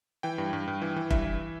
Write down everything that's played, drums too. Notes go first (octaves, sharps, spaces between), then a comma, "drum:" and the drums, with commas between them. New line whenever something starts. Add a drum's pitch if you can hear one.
E3 G5
G2
G2
G2
E3
E3
G2 E5, drum: kick F1
E3